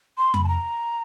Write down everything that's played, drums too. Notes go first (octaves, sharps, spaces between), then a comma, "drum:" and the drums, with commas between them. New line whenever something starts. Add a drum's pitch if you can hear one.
C6
B5, drum: tom F2
A5
A#5